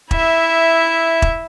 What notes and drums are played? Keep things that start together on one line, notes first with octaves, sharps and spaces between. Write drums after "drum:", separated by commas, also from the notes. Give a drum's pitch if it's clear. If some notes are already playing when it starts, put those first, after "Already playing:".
E4 E5, drum: kick E1
drum: kick E1